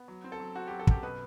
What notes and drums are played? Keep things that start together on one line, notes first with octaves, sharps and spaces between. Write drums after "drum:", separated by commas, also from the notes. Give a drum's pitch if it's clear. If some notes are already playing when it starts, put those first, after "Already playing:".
Already playing: B3
F#3
C4
A4
F#3
C4 F#4
G4
F#3
A4
F#2 G4, drum: kick
B2 B4